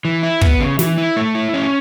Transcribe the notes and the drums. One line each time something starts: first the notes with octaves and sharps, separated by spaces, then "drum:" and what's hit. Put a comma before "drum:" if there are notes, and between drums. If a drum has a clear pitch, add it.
E3
E4
B3, drum: kick
C#3
E3, drum: snare
E4
A3
E4
C#4